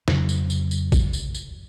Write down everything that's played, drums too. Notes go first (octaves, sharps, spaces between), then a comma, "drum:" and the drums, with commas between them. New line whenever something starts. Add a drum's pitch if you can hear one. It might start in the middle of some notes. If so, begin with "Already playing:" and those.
F2 C#3 F#3, drum: snare
drum: tambourine
drum: tambourine
drum: tambourine
drum: kick, tambourine
drum: tambourine
drum: tambourine